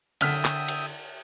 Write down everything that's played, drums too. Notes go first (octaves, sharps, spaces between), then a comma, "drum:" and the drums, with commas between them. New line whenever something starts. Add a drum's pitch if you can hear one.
D3 E5 G5 D#6 F6 B6, drum: cymbal
drum: clap
drum: cymbal